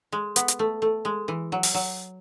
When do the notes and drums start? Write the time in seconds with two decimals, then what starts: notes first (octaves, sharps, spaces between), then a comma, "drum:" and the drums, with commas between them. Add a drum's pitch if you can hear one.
0.12 G#3
0.36 B3, drum: hi-hat
0.48 drum: hi-hat
0.59 A3
0.82 A3
1.05 G#3
1.28 E3
1.52 F#3
1.63 drum: open hi-hat
1.74 F#3